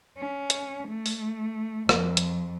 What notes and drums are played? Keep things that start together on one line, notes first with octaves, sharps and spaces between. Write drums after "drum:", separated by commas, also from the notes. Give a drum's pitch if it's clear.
C#4
drum: hi-hat
A3
drum: open hi-hat
F2, drum: rim click
drum: hi-hat